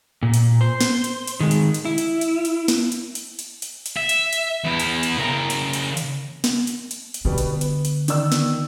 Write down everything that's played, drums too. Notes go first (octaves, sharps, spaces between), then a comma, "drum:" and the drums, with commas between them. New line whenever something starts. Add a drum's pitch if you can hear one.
A#2
drum: hi-hat
C5
drum: snare
drum: hi-hat
drum: hi-hat
D#3 G#3
drum: hi-hat
drum: hi-hat
E4
drum: hi-hat
drum: hi-hat
drum: hi-hat
drum: snare
drum: hi-hat
drum: hi-hat
drum: hi-hat
drum: hi-hat
drum: hi-hat
E5
drum: hi-hat
drum: hi-hat
E2 E4
drum: hi-hat
drum: hi-hat
C#3 A#4
drum: hi-hat
drum: hi-hat
drum: hi-hat
drum: snare
drum: hi-hat
drum: hi-hat
drum: hi-hat
B2 D3 G3 B3
drum: hi-hat
B3
drum: hi-hat
drum: hi-hat
D#3 D5 E6, drum: hi-hat
drum: snare